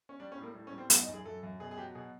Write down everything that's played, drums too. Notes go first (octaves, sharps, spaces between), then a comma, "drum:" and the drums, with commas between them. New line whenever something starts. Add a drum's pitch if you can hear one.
C#4
G3 D4
C#4
A2
A#3
A2
C#4
G3
C4
F#2 B3, drum: hi-hat
D#4
F#2
G#4
F#2 A4
F#2
B2 G#4
G#4
F#3 G4
B2 G#4